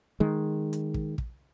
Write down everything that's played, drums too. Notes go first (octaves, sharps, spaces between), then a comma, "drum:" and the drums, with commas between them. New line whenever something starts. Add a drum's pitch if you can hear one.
D#3 G#3
drum: hi-hat
drum: kick
drum: kick